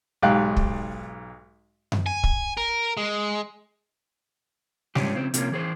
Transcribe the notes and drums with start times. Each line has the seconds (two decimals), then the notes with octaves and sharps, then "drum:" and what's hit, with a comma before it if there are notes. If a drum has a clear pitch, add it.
0.22 B1 G#2 G4 F5 G5 F#6
0.56 drum: kick
1.92 drum: tom F#2
2.06 G#5
2.23 drum: kick
2.57 A#4
2.97 G#3
4.95 G#2 F3 C#4 D4 G4, drum: snare
5.14 C#3 F3 C4
5.34 C3 F3 A#3 C#4, drum: hi-hat
5.52 E3 G#4 C5